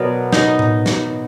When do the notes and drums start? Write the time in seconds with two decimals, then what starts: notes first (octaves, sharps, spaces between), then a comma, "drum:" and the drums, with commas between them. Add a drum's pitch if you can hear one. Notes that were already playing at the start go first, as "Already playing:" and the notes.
Already playing: B2 F#3 B3 A#4 D5
0.32 D#4, drum: snare
0.59 drum: tom A2
0.86 drum: snare